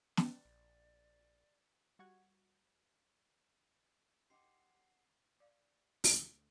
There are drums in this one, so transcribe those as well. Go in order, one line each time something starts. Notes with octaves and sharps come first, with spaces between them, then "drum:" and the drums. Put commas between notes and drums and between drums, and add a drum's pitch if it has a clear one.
D5, drum: snare
A#1
G3 F#4 F#5 C#6 G#6
D#4 G4 F#5 C6 D6 C7
D5 F5
D2, drum: open hi-hat